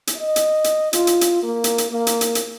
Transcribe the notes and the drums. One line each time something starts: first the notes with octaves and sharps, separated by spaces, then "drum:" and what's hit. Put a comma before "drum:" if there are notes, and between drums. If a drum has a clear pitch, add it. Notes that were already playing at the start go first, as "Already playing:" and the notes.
drum: hi-hat
D#5
drum: hi-hat
drum: hi-hat
F4, drum: hi-hat
drum: hi-hat
drum: hi-hat
A#3
drum: hi-hat
drum: hi-hat
A#3
drum: hi-hat
drum: hi-hat
drum: hi-hat